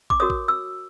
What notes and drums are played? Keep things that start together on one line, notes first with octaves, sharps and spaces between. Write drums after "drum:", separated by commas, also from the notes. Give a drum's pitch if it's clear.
D6, drum: kick
F#4 A#4 C#5 D#6
drum: kick
E6